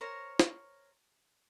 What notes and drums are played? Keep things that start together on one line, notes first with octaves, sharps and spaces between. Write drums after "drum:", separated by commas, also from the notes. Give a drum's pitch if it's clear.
A#4 C5 C#5 A#5
drum: snare